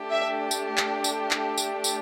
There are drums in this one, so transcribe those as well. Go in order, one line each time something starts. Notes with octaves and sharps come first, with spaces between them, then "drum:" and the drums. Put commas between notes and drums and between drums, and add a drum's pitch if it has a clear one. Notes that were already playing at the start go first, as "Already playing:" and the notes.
Already playing: A3 D4 G4
E5
drum: tambourine
drum: clap
drum: tambourine
drum: clap
drum: tambourine
drum: tambourine